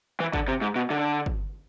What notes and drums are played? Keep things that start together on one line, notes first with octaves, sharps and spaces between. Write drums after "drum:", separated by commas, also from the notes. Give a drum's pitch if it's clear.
E3
D3, drum: kick
C3
G#2
B2
D3
drum: kick